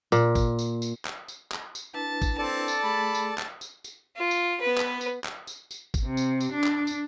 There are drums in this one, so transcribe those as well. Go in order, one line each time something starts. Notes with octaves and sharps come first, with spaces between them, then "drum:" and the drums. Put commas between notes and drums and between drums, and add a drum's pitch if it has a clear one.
A#2, drum: tambourine
drum: kick, tambourine
drum: tambourine
drum: tambourine
drum: clap
drum: tambourine
drum: clap
drum: tambourine
D4 E4 B4 A5
drum: kick, tambourine
C4 A4 D5 A5
drum: tambourine
A3 G#4 B5
drum: tambourine
drum: clap
drum: tambourine
drum: tambourine
F4
drum: tambourine
B3 B4
drum: clap
drum: tambourine
drum: clap
drum: tambourine
drum: tambourine
drum: kick, tambourine
C3
drum: tambourine
drum: tambourine
D4
drum: clap
drum: tambourine